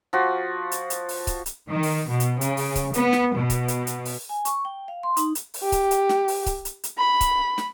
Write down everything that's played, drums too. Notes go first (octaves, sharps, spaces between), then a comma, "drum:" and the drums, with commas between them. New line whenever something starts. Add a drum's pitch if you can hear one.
F3 F#4
drum: hi-hat
drum: hi-hat
drum: open hi-hat
drum: kick C#1, hi-hat
drum: hi-hat
D#3
drum: open hi-hat
B2
drum: hi-hat
C#3, drum: hi-hat
drum: open hi-hat
drum: kick C#1, hi-hat
B3, drum: hi-hat
drum: snare
B2
drum: kick C#1, hi-hat
drum: hi-hat
drum: hi-hat
drum: open hi-hat
G#5
C#6, drum: hi-hat
G5
F5
C6
D#4, drum: hi-hat
drum: hi-hat
drum: open hi-hat
G4
drum: kick C#1, hi-hat
drum: hi-hat
drum: snare
drum: open hi-hat
drum: kick C#1, hi-hat
drum: hi-hat
drum: hi-hat
B5
drum: kick C#1, hi-hat
drum: snare